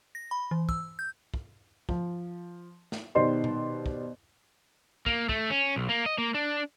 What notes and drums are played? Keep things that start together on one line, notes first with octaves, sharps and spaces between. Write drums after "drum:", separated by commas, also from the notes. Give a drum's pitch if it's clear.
A#6
B5
E3
E6, drum: kick
G6
drum: kick
F3, drum: kick
drum: snare
B2 D#3 G4 C5 D5 C6
drum: tom A#2
drum: kick
A#3, drum: kick
A3, drum: kick
C#4
B1
A#3
D#5
A#3
D4